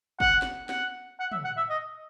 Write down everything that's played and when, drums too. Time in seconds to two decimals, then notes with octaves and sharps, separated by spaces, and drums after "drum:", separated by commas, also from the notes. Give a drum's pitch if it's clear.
0.20 F#5, drum: kick
0.42 drum: snare
0.69 F#5, drum: snare
1.20 F#5
1.32 E5, drum: tom
1.44 F#5
1.57 E5
1.69 D#5